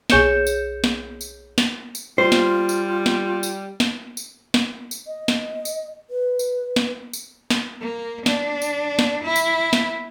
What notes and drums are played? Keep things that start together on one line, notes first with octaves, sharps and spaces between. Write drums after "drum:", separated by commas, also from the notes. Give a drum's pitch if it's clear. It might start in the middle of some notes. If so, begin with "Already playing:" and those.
B1 G#4 C#5 G6 C#7 E7, drum: snare
drum: tambourine
drum: snare
drum: tambourine
drum: snare
drum: tambourine
G3 F4 C5
drum: snare
drum: tambourine
drum: snare
drum: tambourine
drum: snare
drum: tambourine
drum: snare
drum: tambourine
D#5
drum: snare
drum: tambourine
B4
drum: tambourine
drum: snare
drum: tambourine
drum: snare
A#3
D4, drum: snare
drum: tambourine
drum: snare
E4
drum: tambourine
drum: snare